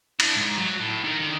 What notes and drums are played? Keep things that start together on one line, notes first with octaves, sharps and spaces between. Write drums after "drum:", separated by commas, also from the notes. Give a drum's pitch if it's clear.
D4 E4, drum: cymbal
G#2
F#3
A2
D#3 A#4
D3 D#3